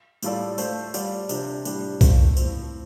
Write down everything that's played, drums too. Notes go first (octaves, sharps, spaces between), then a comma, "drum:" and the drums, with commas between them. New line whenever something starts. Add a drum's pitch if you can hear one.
A2 G3 F4 A4 D5, drum: tambourine
A3 F4 A4 C5, drum: tambourine
G3 F4 D5, drum: tambourine
C3 F3 D4 G4 D5, drum: tambourine
A2 G3 D4 G4, drum: tambourine
A3 F4 C5, drum: kick C2, tambourine
A2 F3 C4, drum: tambourine